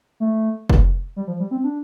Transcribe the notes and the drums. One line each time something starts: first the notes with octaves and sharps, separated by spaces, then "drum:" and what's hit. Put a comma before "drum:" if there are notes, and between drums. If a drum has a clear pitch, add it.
A3
drum: kick F1
G3
F3
G3
C4
D4